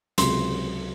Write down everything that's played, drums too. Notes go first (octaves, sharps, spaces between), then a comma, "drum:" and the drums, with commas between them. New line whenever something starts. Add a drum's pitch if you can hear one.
C#2 C3 F#3 C6, drum: hi-hat